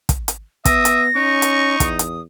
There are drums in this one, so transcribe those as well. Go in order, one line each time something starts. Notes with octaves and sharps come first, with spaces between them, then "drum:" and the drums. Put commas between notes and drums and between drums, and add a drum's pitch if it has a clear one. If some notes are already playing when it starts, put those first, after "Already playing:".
drum: kick, hi-hat
drum: hi-hat
B3 E5 D#6 A#6, drum: kick, hi-hat
drum: hi-hat
C#4 D#4 C#6
drum: hi-hat
E2 D#6, drum: kick, hi-hat
drum: hi-hat